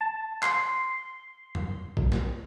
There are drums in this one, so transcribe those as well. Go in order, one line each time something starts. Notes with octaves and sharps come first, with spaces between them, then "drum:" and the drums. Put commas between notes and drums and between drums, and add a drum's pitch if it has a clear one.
A5
C6, drum: clap
drum: tom E2
drum: kick A#1
drum: snare